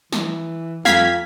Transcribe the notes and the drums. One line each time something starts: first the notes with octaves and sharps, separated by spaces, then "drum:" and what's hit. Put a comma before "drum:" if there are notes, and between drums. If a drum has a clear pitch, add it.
E3, drum: snare
F2 F5 G#6 B6, drum: snare